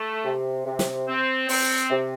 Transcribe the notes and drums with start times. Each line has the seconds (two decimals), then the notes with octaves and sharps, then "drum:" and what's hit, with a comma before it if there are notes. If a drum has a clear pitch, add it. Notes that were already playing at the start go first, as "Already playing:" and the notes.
Already playing: A3
0.25 C3
0.66 C3
0.79 drum: snare
1.08 C4
1.49 C4, drum: open hi-hat
1.90 C3